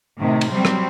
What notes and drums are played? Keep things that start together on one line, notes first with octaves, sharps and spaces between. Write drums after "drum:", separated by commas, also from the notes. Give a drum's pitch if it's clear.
A2 C3 D#3
drum: cymbal
F#3 G3 C4
drum: rim click